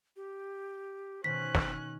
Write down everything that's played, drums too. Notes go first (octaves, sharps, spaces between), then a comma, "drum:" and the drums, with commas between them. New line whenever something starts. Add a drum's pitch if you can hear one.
G4
B2 D#3 C#4 C5 F#6 B6
drum: snare